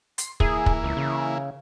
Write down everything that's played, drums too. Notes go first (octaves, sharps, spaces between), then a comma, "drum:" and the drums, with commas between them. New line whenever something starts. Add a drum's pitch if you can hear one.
C6, drum: hi-hat
E3 A#3 E4 G#4, drum: kick
drum: kick
C#2
C#3